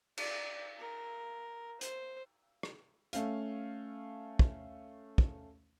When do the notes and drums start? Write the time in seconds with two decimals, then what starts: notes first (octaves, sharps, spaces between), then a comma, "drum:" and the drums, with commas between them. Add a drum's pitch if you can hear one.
0.17 D5, drum: cymbal
0.79 A#4
1.81 C5, drum: hi-hat
2.63 drum: rim click
3.13 A3 C#4 F5, drum: hi-hat
4.39 drum: kick
5.18 drum: kick